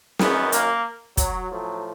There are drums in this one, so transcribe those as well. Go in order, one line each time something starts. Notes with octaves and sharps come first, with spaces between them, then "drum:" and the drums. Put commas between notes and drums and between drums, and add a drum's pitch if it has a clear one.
F#2 D#3 B3, drum: snare
A#3, drum: hi-hat
F#3, drum: kick, hi-hat
A2 F3 F#3